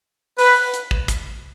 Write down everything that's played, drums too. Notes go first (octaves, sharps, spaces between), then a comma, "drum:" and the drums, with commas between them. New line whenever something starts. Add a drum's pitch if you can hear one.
B4, drum: open hi-hat
drum: hi-hat
drum: kick
drum: kick, hi-hat